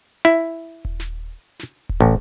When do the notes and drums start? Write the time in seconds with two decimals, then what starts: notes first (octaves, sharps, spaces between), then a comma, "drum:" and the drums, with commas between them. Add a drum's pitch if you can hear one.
0.25 E4
0.85 drum: kick D#1
1.00 drum: snare
1.59 drum: snare
1.89 drum: kick D#1
2.00 A1